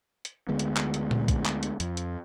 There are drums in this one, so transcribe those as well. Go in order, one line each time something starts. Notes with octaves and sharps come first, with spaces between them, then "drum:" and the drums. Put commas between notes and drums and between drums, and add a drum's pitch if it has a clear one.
drum: hi-hat
D2 D3 G#3 B3
drum: hi-hat
drum: clap
drum: hi-hat
drum: tom A#2
drum: kick A#1, hi-hat
drum: clap
drum: hi-hat
F2, drum: hi-hat
drum: hi-hat